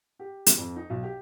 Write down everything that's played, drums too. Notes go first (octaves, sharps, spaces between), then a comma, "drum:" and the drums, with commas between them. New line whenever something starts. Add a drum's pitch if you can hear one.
G4
drum: hi-hat
F2
D#4
B1
G4